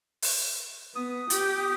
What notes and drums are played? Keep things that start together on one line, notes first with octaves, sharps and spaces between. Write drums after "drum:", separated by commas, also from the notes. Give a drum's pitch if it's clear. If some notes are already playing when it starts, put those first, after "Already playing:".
drum: open hi-hat
B3 D#6
G4, drum: hi-hat